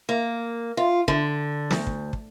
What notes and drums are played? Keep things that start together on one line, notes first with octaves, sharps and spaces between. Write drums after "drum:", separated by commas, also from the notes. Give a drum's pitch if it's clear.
A#3
F4
D3, drum: kick
D2, drum: snare
drum: kick
drum: kick